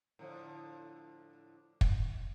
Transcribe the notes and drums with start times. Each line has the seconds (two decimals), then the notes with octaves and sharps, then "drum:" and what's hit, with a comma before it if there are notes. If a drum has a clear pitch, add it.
0.19 A2 D3 F3
1.81 drum: kick